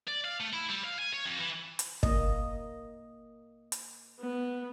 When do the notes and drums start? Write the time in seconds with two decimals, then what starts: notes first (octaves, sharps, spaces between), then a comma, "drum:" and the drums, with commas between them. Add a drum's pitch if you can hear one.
0.08 D5
0.24 F5
0.40 A3
0.53 E4
0.69 G3
0.84 F5
0.99 G#5
1.13 C#5
1.26 F2
1.39 E3
1.79 drum: hi-hat
2.03 A#3 D#5, drum: kick
3.72 drum: hi-hat
4.21 B3